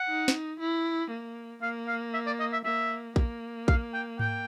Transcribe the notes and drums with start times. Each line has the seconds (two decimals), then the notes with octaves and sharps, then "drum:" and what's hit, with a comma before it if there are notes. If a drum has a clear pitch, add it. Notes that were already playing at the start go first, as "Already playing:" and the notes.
Already playing: F#5
0.09 D#4
0.28 drum: snare
0.60 E4
1.11 A#3
1.62 A#3 F5
1.88 F5
2.14 E5
2.26 D5
2.40 D#5
2.53 E5
2.65 A#3 E5
3.16 A#3, drum: kick A1
3.68 F5, drum: kick A1
3.94 G5
4.19 G5, drum: tom G#2